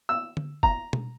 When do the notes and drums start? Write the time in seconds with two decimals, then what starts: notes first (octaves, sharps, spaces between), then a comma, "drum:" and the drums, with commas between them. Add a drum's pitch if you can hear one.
0.09 E6
0.37 drum: tom D3
0.63 A#5, drum: kick
0.93 drum: tom B2